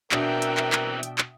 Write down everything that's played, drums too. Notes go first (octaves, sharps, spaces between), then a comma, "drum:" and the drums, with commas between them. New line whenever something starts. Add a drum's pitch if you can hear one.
B2 E3 C4 D4 A#4 E5 G5 D#6, drum: clap
drum: hi-hat
drum: clap
drum: clap
drum: hi-hat
drum: clap